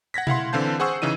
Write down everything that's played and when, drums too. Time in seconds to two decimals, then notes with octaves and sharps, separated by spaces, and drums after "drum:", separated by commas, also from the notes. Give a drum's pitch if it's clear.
0.14 F#5 G#6 A#6 B6
0.27 E4 F5 F#5 C6, drum: tom B2
0.53 D3 E3 C4 F5 A5 G6
0.80 G#4 C5 F#5 C#6 E6
1.02 C#3 E3 D#4 D#7